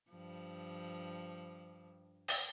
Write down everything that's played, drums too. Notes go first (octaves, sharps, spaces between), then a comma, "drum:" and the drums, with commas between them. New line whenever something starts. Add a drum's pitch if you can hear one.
G2 F3
drum: open hi-hat